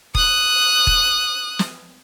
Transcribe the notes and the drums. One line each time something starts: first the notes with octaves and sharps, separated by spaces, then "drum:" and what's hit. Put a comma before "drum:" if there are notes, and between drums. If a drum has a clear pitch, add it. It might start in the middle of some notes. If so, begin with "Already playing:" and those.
D#6 F#6, drum: kick E1
drum: kick E1
drum: snare